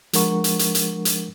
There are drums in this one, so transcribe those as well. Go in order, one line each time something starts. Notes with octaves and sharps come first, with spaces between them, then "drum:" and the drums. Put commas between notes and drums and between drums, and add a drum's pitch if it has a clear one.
F3 G#3 D4 A#4 F#5 C#6, drum: hi-hat
drum: hi-hat
drum: hi-hat
drum: hi-hat
drum: hi-hat